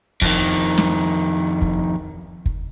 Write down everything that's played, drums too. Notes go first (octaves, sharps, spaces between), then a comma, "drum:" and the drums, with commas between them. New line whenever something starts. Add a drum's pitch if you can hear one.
F2 D#3, drum: kick
drum: snare
drum: kick
drum: kick